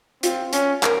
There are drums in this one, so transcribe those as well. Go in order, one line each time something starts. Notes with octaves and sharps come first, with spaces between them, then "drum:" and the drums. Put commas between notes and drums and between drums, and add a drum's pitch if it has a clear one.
C4 F4, drum: hi-hat
C#4, drum: hi-hat
A#4, drum: clap